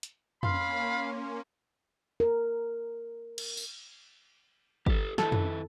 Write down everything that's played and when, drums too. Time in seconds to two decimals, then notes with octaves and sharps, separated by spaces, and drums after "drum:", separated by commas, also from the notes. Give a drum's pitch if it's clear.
0.03 drum: hi-hat
0.43 A#3 C#4 F5 B5 C6, drum: tom F2
2.20 A#4
3.38 drum: cymbal
3.57 drum: tambourine
4.86 G4 A4, drum: kick
5.18 D#3 E4 A4, drum: snare
5.32 drum: tom F2